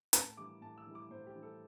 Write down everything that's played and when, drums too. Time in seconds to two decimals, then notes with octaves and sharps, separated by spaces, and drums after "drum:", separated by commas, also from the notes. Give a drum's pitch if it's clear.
0.13 A2 A5, drum: hi-hat
0.37 E3 G3 E4 D6
0.61 A2 A5
0.78 E6
0.86 E3 G3 E4
0.95 D6
1.10 A2 C5
1.27 G4
1.35 E3 G3 E4
1.43 A4